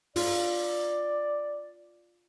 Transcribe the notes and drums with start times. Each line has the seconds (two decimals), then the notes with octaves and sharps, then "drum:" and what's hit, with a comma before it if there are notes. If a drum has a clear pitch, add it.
0.16 F4 D5, drum: open hi-hat